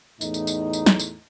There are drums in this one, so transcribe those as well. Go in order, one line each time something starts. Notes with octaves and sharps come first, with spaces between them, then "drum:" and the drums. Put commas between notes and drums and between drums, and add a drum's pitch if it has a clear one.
E2 A2 D#4, drum: tambourine
drum: tambourine
drum: tambourine
drum: tambourine
drum: snare
drum: tambourine